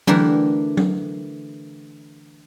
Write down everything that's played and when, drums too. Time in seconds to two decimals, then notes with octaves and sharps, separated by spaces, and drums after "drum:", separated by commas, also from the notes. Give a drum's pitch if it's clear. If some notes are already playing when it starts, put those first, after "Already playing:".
0.07 D3 E3 A3 G4 A#4, drum: tom F#3
0.77 drum: tom F#3